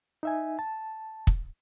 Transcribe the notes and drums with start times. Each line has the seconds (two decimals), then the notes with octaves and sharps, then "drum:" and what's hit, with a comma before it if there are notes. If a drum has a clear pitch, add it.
0.23 D#4 E5 G#5
0.59 A5
1.27 drum: kick